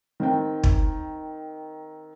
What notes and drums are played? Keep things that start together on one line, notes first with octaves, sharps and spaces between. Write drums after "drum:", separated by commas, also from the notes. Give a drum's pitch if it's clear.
D#3 C4 G5
drum: kick